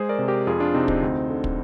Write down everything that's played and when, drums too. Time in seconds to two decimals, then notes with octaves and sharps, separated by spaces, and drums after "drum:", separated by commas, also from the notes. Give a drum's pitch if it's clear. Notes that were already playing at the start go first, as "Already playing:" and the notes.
Already playing: G#3 G#4 C5
0.09 A#4 D5
0.19 C3
0.28 G4 A#4
0.47 F2 F4 G#4
0.60 D4 F4
0.74 C3 C4 D#4
0.88 C4 D#4, drum: kick
1.03 D2
1.30 D3
1.44 drum: kick